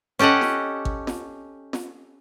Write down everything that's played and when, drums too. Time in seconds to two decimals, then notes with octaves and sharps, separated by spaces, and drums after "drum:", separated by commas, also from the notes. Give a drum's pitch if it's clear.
0.19 C#4 G4 A4 D#5 F#5
0.41 drum: snare
0.85 drum: kick G#1
1.07 drum: snare
1.73 drum: snare